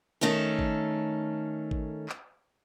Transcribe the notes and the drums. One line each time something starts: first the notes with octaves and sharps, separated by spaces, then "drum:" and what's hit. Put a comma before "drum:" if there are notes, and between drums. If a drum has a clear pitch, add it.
D#3 A3 C#4 A4
drum: kick G#1
drum: kick G#1
drum: clap